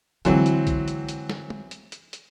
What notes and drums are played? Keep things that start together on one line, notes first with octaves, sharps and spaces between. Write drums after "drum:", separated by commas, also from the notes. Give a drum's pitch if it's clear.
D3 E3 F#3 G#3 C4, drum: hi-hat
drum: hi-hat
drum: kick B1, hi-hat
drum: hi-hat
drum: hi-hat
drum: snare
drum: tom
drum: hi-hat
drum: hi-hat
drum: hi-hat